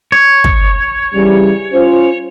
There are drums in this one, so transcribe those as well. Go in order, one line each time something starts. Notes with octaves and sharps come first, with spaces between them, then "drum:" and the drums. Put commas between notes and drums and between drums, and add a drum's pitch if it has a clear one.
C#5
drum: kick
C#3 E3 G3
C#4 F4 C5